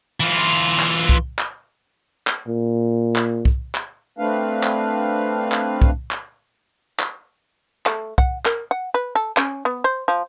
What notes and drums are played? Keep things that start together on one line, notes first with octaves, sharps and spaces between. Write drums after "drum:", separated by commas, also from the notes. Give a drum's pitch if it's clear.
E3 F4
drum: clap
drum: kick C2
drum: clap
drum: clap
A#2
drum: clap
drum: kick C2
drum: clap
A3 C4 D4 B4 F5
drum: clap
drum: clap
drum: kick C2
drum: clap
drum: clap
A3, drum: clap
F#5, drum: kick C2
A#4, drum: clap
F#5
B4
A4
C#4, drum: clap
B3
C5
F3